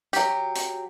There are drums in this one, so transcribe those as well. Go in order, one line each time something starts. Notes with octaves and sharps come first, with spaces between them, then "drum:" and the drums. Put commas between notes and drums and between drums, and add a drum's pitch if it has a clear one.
F#3 G4, drum: hi-hat
drum: hi-hat